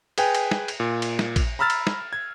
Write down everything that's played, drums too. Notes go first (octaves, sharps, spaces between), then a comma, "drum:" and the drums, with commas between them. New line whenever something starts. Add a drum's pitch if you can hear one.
G#4 B4 G5 G#5, drum: cymbal
drum: cymbal
drum: snare
drum: cymbal
A#2
drum: cymbal
drum: snare
drum: kick A1, cymbal
A#5 B5 E6 F6 A6
drum: cymbal
drum: snare
G#6